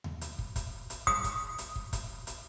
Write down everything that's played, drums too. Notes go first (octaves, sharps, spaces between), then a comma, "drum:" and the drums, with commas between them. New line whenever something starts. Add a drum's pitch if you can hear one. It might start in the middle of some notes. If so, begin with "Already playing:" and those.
drum: tom D#2
drum: hi-hat
drum: kick
drum: kick, hi-hat
drum: hi-hat
D#6, drum: kick
drum: kick, hi-hat
drum: hi-hat
drum: kick
drum: kick, hi-hat
drum: hi-hat